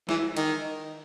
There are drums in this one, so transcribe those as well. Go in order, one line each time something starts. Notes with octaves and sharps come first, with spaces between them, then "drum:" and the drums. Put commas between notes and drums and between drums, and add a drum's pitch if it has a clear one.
E3, drum: snare
D#3, drum: cymbal